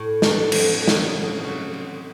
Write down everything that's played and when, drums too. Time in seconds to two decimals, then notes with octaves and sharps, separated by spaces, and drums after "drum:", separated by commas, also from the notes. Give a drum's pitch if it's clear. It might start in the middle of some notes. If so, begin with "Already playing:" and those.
Already playing: A2
0.22 F#3 A3 D4 F#4, drum: snare
0.52 F2, drum: cymbal
0.82 F#3
0.88 C#3, drum: snare
1.12 F2
1.43 C#3 F#3
1.74 C3